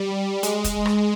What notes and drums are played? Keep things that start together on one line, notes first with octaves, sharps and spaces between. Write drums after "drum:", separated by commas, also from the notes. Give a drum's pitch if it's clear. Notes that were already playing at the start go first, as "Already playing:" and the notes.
Already playing: G3
G#3, drum: hi-hat
drum: kick, hi-hat
drum: rim click